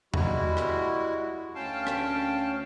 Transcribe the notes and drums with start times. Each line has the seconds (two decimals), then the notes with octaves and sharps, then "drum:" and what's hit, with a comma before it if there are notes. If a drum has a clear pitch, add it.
0.14 G3 G#3 E4 F#4, drum: tom E2
0.57 drum: rim click
1.55 D2 C#4 F5 G5 A5
1.87 drum: rim click